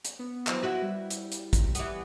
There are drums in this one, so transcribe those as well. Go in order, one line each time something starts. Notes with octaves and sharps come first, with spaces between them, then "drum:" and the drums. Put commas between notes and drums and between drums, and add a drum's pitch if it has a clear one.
drum: hi-hat
B3
E3 F#3 C4, drum: clap
E4 F#4 B4
G3
drum: hi-hat
drum: hi-hat
drum: kick, hi-hat
E3 B3, drum: hi-hat